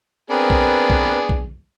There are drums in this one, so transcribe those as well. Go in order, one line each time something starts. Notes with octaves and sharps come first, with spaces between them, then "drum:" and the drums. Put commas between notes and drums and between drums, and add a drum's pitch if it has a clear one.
B3 C4 D4 G#4 A#4 B4
drum: kick
drum: kick
drum: kick